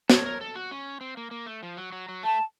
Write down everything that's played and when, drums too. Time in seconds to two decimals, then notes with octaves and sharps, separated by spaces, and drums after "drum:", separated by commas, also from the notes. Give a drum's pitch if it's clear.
0.10 A4 C#5, drum: snare
0.26 A#4
0.41 A4
0.55 F#4
0.71 C#4
1.01 C4
1.17 A#3
1.31 A#3
1.46 A3
1.63 F3
1.77 F#3
1.92 F#3
2.09 F#3
2.23 A3 A5